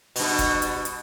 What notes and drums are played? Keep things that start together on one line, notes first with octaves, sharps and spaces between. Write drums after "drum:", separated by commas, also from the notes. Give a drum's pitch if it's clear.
G2 B2, drum: open hi-hat
drum: kick F#1, hi-hat
drum: hi-hat
drum: hi-hat